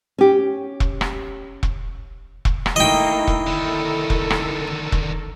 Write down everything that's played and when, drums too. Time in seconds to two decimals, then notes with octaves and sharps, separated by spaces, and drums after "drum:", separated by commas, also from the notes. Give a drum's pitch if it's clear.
0.18 C#4 G4
0.80 drum: kick E1
1.01 drum: rim click
1.63 drum: kick E1
2.45 drum: kick E1
2.66 drum: rim click
2.76 A3 A#3 D#4 E4 D#5 G5
3.27 drum: kick E1
3.47 D3 D#3 A4 A#4
4.10 drum: kick E1
4.30 drum: rim click
4.92 drum: kick E1